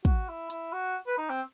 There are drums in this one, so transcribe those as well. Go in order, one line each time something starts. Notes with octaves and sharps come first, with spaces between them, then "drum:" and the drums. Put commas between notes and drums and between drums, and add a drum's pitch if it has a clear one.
F#4, drum: kick
E4
E4, drum: hi-hat
F#4
B4
D#4
C4